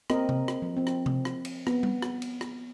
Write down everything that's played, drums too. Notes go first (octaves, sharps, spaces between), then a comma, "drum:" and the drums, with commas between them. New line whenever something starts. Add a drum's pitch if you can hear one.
A#3 C4 A#4 D#5, drum: rim click
drum: tom C3
drum: rim click
F3
C4
drum: rim click
drum: tom C3
drum: rim click
drum: cymbal
B3, drum: rim click
drum: tom G3
drum: rim click
drum: cymbal
drum: rim click